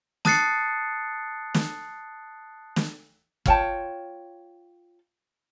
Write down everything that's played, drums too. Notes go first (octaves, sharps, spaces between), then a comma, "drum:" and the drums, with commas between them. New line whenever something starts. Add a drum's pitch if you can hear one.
A5 D#6 F#6 A6 C7 C#7, drum: snare
drum: snare
drum: snare
F4 C#5 G5 A5, drum: kick